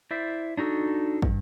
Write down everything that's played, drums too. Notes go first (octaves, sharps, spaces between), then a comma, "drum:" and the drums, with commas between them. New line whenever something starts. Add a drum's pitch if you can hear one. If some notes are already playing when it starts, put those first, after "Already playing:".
E4 C5 D5 E5
D4 D#4 F#4 A4
G2, drum: kick